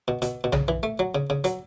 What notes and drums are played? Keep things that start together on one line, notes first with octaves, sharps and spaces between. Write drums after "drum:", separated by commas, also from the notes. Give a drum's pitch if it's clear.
B2
B2, drum: hi-hat
B2
C#3, drum: tom B1
E3
A3
F#3
C#3
C#3
F#3, drum: hi-hat